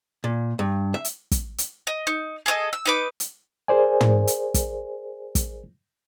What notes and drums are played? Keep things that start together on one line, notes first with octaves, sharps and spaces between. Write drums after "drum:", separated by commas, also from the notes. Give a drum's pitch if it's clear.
A#2
G2
E5
drum: hi-hat
drum: kick, hi-hat
drum: hi-hat
D#5
D#4
G#4 A4 D5 D#5
E6
D#4 B4 D6
drum: hi-hat
G#4 A#4 C5 D5 G#5
drum: tom
drum: hi-hat
drum: kick, hi-hat
drum: kick, hi-hat